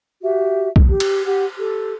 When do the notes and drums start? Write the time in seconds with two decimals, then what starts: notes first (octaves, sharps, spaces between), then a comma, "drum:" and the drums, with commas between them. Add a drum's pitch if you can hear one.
0.22 F#4 G4 E5
0.76 drum: kick B1
0.87 G4
1.00 drum: cymbal
1.25 G4 F#5
1.58 G4 A4